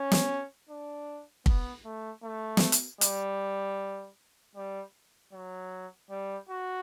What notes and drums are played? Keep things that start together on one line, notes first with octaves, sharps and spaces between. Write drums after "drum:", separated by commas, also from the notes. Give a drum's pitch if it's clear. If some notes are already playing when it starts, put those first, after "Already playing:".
Already playing: C#4
drum: snare
D4
B3, drum: kick
A3
A3
drum: snare
drum: hi-hat
G3, drum: hi-hat
G3
F#3
G3
F#4